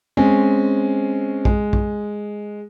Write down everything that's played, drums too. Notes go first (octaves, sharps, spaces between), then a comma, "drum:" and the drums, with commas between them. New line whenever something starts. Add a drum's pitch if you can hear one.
G#3 C4 C#4
G#3, drum: kick A#1
drum: kick A#1